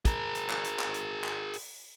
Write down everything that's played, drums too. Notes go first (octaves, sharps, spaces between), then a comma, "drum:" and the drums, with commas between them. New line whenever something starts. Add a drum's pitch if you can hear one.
G#4 A#4, drum: kick, hi-hat
drum: hi-hat
drum: clap
drum: hi-hat
drum: clap
drum: hi-hat
drum: clap
drum: open hi-hat